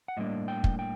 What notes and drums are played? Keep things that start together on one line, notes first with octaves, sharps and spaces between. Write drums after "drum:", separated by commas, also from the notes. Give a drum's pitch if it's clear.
F#5
A2 G3 A#3 D4 D#5
G5
drum: kick
G5